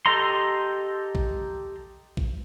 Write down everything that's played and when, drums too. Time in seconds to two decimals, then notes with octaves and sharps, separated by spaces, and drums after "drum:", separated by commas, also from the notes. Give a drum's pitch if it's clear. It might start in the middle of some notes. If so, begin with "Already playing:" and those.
0.06 G4 A4 D#5 A#5 C6
1.15 drum: kick A#1
2.17 drum: kick A#1